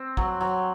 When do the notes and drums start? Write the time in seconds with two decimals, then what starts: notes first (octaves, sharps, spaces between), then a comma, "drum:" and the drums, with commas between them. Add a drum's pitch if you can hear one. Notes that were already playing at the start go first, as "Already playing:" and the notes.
Already playing: C4
0.17 F#3, drum: kick
0.41 F#3